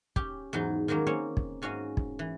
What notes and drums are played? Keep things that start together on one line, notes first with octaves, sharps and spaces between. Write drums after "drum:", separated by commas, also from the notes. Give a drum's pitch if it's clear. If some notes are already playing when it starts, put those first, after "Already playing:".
C#4 G4, drum: kick
E2 G#2 F#3 D#4 C6
D#3 F#3 G#3 A#3 C#4
A#3 C4 C#4 C#5
drum: kick
G#2 C#4 F#4 D#5 F5
drum: kick
E3